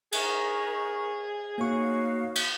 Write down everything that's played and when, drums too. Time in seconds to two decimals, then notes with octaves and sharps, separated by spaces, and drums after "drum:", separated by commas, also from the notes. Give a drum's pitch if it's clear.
0.12 D#4 G#4 A#4 C#6, drum: cymbal
1.58 A#3 D#4 F#4 C#5 F5 C#6
2.35 drum: cymbal